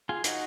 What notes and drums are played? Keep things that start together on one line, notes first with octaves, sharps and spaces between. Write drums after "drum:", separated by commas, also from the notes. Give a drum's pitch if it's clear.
F4 G#4
D#4 F#4, drum: hi-hat